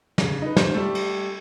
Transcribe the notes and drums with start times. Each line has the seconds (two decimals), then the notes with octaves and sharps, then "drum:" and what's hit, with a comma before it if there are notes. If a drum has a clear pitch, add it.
0.18 C#3, drum: snare
0.42 D#4 B4
0.57 C5, drum: snare
0.75 G3 A3
0.95 drum: cymbal